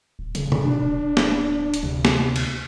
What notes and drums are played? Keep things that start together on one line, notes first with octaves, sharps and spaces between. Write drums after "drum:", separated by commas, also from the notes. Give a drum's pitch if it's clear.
D1
D1 C#3, drum: hi-hat
drum: tom C3
B2 D4
D1
drum: snare
drum: hi-hat
D2 C3
drum: snare
drum: cymbal